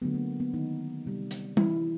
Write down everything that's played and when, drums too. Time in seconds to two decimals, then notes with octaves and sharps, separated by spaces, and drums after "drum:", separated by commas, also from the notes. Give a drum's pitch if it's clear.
0.02 D3 F#3 A3 B3
0.14 A#3
0.40 B3
0.54 D#3 D#4
1.06 C3 D#3 G3
1.31 drum: hi-hat
1.57 E3 E4, drum: tom G3